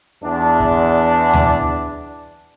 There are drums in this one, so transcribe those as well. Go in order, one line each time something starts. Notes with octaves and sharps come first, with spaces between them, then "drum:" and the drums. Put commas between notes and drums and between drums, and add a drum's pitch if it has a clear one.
E2 D4
drum: kick
drum: tom D2